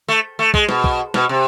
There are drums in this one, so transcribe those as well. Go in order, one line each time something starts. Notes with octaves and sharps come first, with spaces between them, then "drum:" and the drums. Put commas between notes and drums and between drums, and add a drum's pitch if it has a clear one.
A3
A3
G#3, drum: kick
B2, drum: snare
drum: kick
B2, drum: snare
C3